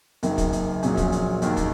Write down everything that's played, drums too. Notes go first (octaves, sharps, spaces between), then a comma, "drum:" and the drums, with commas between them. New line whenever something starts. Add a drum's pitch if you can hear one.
F#1 F#2 D#3 A#3, drum: hi-hat
drum: kick, hi-hat
drum: hi-hat
A#1 A#2 F#3 C#4 G#4, drum: hi-hat
drum: kick, hi-hat
drum: hi-hat
D#2 D#3 A#3, drum: hi-hat
drum: kick, hi-hat